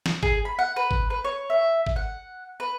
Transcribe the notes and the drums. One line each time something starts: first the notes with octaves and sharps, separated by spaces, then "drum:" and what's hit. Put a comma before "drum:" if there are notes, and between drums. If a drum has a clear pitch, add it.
drum: snare
G#4, drum: kick
B5
F#5
B4
drum: kick
B4
C#5
E5
drum: kick
F#5
B4